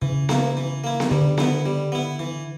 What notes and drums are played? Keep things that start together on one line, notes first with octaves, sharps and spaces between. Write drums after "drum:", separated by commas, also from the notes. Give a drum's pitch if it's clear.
C#3 E3
A#3 E4, drum: snare B3
E3
A#3 E4
drum: snare B3
D3 G3
B3 E4, drum: snare B3
G3
B3 E4
E3